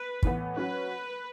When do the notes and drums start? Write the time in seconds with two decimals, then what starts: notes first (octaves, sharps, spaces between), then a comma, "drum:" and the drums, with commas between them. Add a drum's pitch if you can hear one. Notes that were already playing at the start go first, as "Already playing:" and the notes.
Already playing: B4
0.23 A2 E3 B3, drum: kick
0.57 F#3 C#4 F#4 B4